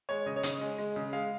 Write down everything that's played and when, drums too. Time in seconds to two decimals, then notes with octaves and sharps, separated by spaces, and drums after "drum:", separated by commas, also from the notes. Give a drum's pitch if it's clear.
0.09 G#3 C#5
0.26 C#3 D#5
0.36 C#5
0.43 C#3 D#5, drum: hi-hat
0.61 G#3
0.78 G#3
0.96 C#3
1.13 G#3 F5